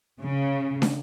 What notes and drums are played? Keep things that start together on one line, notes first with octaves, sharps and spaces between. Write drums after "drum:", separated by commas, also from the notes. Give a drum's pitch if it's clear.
C#3
drum: snare